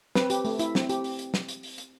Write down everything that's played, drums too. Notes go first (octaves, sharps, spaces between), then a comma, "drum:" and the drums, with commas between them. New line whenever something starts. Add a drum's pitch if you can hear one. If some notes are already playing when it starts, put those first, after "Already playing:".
C4 B4, drum: snare
G4, drum: hi-hat
A3, drum: open hi-hat
E4, drum: hi-hat
C4, drum: snare
G4, drum: hi-hat
drum: open hi-hat
drum: hi-hat
drum: snare
drum: hi-hat
drum: open hi-hat
drum: hi-hat